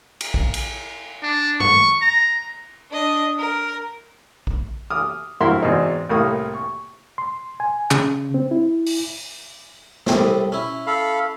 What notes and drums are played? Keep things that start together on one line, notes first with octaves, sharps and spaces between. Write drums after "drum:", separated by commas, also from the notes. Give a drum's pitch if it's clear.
drum: cymbal
drum: kick A#1
drum: cymbal
D4
C#6, drum: tom G2
A#5
D4 D#5
A#4
drum: kick A#1
D6 D#6 F6
G2 C4 E4 F#4 A#4 C6
E2 G#2 B2 C4 D#4
C2 A2 A3 A#3 A#4 D#6
C#6
C6
G#5
C#3, drum: clap
C4
E4
drum: open hi-hat
C2 A2 C3, drum: snare
C#4 E4
A4 F5 B5